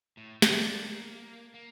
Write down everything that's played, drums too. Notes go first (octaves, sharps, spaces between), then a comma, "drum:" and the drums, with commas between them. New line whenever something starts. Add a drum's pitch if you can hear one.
A2
D4, drum: snare
A#3
A#3